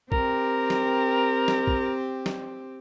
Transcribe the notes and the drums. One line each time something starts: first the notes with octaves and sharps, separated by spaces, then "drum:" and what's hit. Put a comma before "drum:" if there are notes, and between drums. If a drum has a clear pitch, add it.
C4 G4 A#4, drum: kick
drum: snare
drum: snare
drum: kick
drum: snare